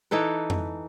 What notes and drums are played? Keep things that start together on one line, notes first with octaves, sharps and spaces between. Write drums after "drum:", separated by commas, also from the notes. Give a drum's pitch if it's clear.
E3 D#4 A4 B4
drum: tom F2